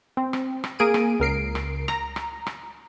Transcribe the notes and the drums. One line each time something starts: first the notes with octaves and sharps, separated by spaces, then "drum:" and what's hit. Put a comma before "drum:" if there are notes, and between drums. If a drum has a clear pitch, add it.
C4
drum: rim click
drum: rim click
A#3 G#4 D7 D#7
drum: rim click
C#2 A#4 C7 D7
drum: rim click
A#5, drum: rim click
drum: rim click
drum: rim click